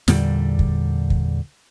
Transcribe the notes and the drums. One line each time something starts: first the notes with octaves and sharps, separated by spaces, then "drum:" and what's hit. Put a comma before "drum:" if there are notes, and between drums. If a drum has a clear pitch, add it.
E2 A#2 D3 G3, drum: snare
drum: kick
drum: kick